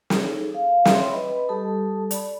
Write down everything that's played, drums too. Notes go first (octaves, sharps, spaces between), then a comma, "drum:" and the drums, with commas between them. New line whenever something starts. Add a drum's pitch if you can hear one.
drum: snare
D#4 G#4 A4
F5
C#5 E5 G5 C6, drum: snare
B4 D#5 B5
G3 G4 A4 A5 D#6
D5 B5, drum: hi-hat